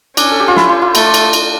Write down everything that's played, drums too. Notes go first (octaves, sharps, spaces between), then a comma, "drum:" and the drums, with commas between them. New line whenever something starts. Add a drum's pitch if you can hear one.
C#4 D4, drum: cymbal
A4
G4
F4
E4, drum: snare
E4
F4
A3, drum: cymbal
drum: cymbal
drum: cymbal